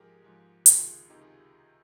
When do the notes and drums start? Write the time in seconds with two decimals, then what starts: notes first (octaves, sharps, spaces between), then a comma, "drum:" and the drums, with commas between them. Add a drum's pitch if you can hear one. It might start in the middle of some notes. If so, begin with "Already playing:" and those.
Already playing: G#2 F3 G#3 G4 G#4 A#4
0.22 G#2 F3 G#3
0.66 C#2 C3 D#3 F4 G#4, drum: hi-hat
1.09 C#2 C3 D#3 D#4 G4
1.21 F4 G#4